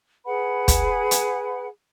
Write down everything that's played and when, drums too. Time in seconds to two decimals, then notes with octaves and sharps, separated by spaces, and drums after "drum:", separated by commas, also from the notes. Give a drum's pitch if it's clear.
0.25 G#4 B4 F#5 B5
0.68 drum: kick, hi-hat
1.11 drum: hi-hat